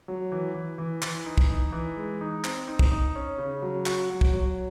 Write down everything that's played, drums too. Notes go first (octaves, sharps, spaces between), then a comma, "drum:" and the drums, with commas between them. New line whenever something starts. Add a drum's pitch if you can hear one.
F#3
E3
E3
E3
E3, drum: clap
D#4
drum: kick
D#4
E3
G#3
D#4
C4, drum: clap
D#4
drum: kick
D#4
C#4
C#3
F#3
F#4, drum: clap
F#3
drum: kick
F#3